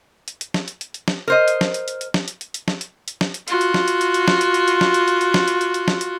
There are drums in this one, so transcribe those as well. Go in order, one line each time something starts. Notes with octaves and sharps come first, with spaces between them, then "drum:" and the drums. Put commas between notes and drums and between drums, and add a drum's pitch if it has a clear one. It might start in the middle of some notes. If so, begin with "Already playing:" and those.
drum: hi-hat
drum: hi-hat
drum: snare
drum: hi-hat
drum: hi-hat
drum: hi-hat
drum: snare
A#4 C5 D#5
drum: hi-hat
drum: snare
drum: hi-hat
drum: hi-hat
drum: hi-hat
drum: snare
drum: hi-hat
drum: hi-hat
drum: hi-hat
drum: snare
drum: hi-hat
drum: hi-hat
drum: snare
drum: hi-hat
F4 F#4, drum: hi-hat
drum: hi-hat
drum: snare
drum: hi-hat
drum: hi-hat
drum: hi-hat
drum: snare
drum: hi-hat
drum: hi-hat
drum: hi-hat
drum: snare
drum: hi-hat
drum: hi-hat
drum: hi-hat
drum: snare
drum: hi-hat
drum: hi-hat
drum: hi-hat
drum: snare
drum: hi-hat